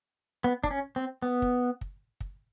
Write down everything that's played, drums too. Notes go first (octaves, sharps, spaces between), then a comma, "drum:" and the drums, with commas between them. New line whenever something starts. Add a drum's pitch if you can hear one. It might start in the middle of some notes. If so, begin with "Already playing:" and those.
B3
D4, drum: kick
C#4
C4
B3
drum: kick
drum: kick
drum: kick